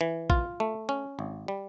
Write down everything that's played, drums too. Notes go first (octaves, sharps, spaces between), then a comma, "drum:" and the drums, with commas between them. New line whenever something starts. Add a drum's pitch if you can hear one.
E3
F4, drum: kick A#1
A3
C#4
G#1
G3